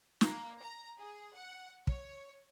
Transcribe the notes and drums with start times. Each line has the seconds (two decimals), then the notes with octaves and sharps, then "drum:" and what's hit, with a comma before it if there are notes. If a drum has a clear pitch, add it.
0.21 A#3, drum: snare
0.62 A#5
0.99 G#4
1.34 F#5
1.87 C#5, drum: kick